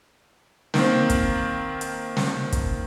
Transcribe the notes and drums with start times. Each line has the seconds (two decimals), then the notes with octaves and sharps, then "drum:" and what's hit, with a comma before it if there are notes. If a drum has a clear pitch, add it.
0.74 D#3 A#3 C4, drum: snare
1.10 drum: kick, hi-hat
1.81 drum: hi-hat
2.17 drum: snare
2.52 drum: kick, hi-hat